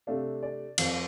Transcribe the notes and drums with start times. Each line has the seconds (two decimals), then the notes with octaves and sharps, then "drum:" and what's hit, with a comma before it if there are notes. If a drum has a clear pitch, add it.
0.07 C3 A3 D4 F5
0.43 D5
0.78 F2 F3 C4, drum: cymbal